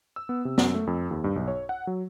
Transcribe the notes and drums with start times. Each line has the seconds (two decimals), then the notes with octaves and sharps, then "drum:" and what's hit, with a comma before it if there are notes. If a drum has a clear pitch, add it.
0.16 E6
0.29 B3
0.45 C3
0.58 F#2, drum: snare B3
0.75 A3
0.87 F2
1.11 D#2
1.24 G2
1.36 B1
1.48 C#5
1.69 F#5
1.87 F#3